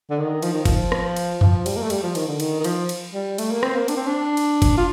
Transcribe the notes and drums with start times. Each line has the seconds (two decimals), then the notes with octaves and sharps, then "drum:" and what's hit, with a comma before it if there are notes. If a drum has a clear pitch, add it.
0.10 D3
0.18 D#3
0.42 F3, drum: cymbal
0.54 D#3
0.65 F3, drum: kick G1, cymbal
0.92 drum: rim click
1.16 drum: cymbal
1.41 F3, drum: tom F2
1.66 G3, drum: cymbal
1.76 A#3
1.83 A3
1.90 G3, drum: cymbal
2.03 F3
2.15 D#3, drum: cymbal
2.28 D3
2.40 D#3, drum: cymbal
2.60 D#3
2.64 F3, drum: cymbal
2.89 drum: cymbal
3.13 G3
3.38 A3, drum: cymbal
3.51 A#3
3.63 C4, drum: rim click
3.75 A#3
3.88 D4, drum: cymbal
3.97 C4
4.07 D4
4.37 drum: cymbal
4.62 drum: kick G1, cymbal
4.77 F4